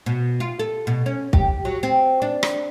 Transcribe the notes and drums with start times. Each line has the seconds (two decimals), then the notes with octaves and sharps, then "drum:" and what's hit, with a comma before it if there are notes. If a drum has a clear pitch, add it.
0.06 B2
0.40 F4
0.59 A4
0.87 B2
1.06 C#4
1.33 G4, drum: kick
1.65 F#3
1.83 C4
2.22 D4
2.43 drum: rim click